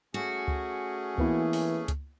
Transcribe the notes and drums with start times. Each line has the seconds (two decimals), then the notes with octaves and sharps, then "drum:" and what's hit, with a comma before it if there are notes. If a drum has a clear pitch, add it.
0.14 A3 C#4 F#4 G#4
0.48 drum: kick C#2
1.18 E3 A#3 B3 E4, drum: kick C#2
1.53 drum: open hi-hat
1.88 drum: kick C#2, hi-hat